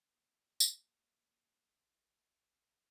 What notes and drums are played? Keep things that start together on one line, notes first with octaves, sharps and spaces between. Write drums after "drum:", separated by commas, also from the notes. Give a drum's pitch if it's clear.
A#3
A#3, drum: tambourine
A1